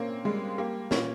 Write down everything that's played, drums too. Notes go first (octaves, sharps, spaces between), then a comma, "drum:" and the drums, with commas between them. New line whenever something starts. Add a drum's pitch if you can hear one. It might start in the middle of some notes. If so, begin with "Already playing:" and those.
Already playing: A#2 A#3 C4 C#4
G3 G#3
A#3 G4
A#2 C#4, drum: snare